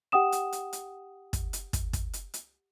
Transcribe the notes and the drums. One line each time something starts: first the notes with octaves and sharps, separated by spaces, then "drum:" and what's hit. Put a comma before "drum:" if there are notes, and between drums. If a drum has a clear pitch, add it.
G4 F#5 G5 D#6 E7
drum: hi-hat
drum: hi-hat
drum: hi-hat
drum: kick, hi-hat
drum: hi-hat
drum: kick, hi-hat
drum: kick, hi-hat
drum: hi-hat
drum: hi-hat